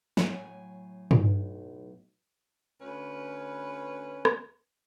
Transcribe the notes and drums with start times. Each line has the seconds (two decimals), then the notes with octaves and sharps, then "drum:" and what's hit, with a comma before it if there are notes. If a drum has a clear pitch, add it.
0.17 A2 F#3 G#5, drum: snare
1.11 B1, drum: tom
2.81 D2 C#4 B4
4.25 drum: rim click